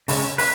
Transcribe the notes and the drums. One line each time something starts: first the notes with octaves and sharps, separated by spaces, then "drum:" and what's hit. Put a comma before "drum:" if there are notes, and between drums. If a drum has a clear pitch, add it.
C#3 G#3 C#4, drum: open hi-hat
B4, drum: open hi-hat